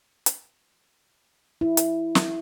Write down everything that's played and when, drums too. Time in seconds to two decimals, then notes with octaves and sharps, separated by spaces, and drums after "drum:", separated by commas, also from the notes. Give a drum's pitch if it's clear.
0.26 drum: hi-hat
1.61 E4
1.77 drum: hi-hat
2.15 drum: snare